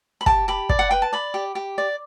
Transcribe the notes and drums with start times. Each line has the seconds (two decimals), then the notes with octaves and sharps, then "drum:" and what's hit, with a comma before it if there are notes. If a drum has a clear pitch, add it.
0.21 B5
0.26 G4 A5, drum: kick
0.48 G4 B5
0.69 D5, drum: kick
0.79 F#5
0.91 B4 G5
1.02 A5
1.13 D5 B5
1.34 G4
1.55 G4
1.78 D5